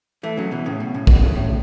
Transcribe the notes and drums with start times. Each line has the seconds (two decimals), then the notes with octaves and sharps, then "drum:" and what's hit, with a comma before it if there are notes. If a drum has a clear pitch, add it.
0.23 E3 A3
0.37 C#3 F#3
0.51 B2 E3
0.66 A2 C#3
0.80 B2
0.94 A2 C#3
1.07 B2 E3, drum: kick A#1
1.21 A2 C#3
1.35 A2